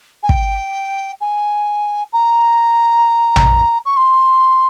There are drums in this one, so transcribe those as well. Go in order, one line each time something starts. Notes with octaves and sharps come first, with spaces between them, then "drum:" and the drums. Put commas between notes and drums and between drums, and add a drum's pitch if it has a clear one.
G#5
G5, drum: kick
G#5
A#5
drum: tom A#1
C#6
C6